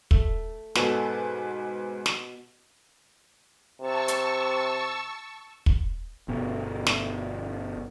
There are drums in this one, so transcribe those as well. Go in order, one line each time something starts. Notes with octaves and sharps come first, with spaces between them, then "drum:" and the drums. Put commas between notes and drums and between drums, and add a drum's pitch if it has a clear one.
A3, drum: kick
G#2 B2 A4 B4 G#5, drum: snare
drum: snare
C3 A5 C#6 E6
drum: hi-hat
drum: kick
G1 B2
drum: snare